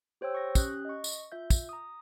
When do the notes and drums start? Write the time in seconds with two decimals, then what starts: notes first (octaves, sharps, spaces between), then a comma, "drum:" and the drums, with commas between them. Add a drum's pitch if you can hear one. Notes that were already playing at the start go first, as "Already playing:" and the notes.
0.21 G4 C5 C#5 G5 E6
0.34 C#6 A#6
0.55 C#4 G4 D#6 F#6 G6, drum: kick, tambourine
0.85 D#5 C#6
1.04 drum: tambourine
1.32 F4 E5 G6
1.50 drum: kick, tambourine
1.69 A#5 D#6